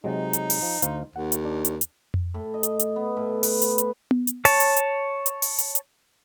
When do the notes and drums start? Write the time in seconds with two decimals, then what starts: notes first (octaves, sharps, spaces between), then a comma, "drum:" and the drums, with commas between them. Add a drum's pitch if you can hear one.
0.04 C3 F#3 G#3 D#4
0.33 drum: hi-hat
0.50 drum: open hi-hat
0.62 F3
0.82 D2 C5 F5, drum: hi-hat
1.16 D#2 F#5
1.32 drum: hi-hat
1.45 D4
1.65 drum: hi-hat
1.81 drum: hi-hat
2.14 drum: tom F2
2.34 A2
2.54 D#5
2.63 drum: hi-hat
2.79 drum: hi-hat
2.96 B3
3.16 A2
3.43 B4, drum: open hi-hat
3.62 drum: hi-hat
3.78 drum: hi-hat
4.11 drum: tom B3
4.27 drum: hi-hat
4.45 C#5 A5, drum: open hi-hat
4.60 drum: hi-hat
4.76 drum: hi-hat
5.26 drum: hi-hat
5.42 drum: open hi-hat
5.59 drum: hi-hat
5.75 drum: hi-hat